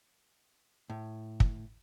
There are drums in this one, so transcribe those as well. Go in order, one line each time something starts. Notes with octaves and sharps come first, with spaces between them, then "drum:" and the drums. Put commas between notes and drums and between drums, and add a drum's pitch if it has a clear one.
A2
drum: kick